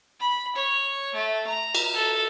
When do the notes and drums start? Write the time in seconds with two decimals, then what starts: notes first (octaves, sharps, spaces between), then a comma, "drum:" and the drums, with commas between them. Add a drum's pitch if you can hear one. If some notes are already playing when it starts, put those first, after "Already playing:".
0.20 B5
0.55 C#5
1.14 A3
1.47 A#5
1.75 drum: cymbal
1.94 A4